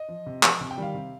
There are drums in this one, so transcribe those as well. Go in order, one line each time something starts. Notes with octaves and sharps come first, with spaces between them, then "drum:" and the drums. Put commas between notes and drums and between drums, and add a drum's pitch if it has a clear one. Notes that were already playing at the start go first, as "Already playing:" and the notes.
Already playing: D#5
F3
C3
F3, drum: clap
C3
G5
D#3 G3 F5
C3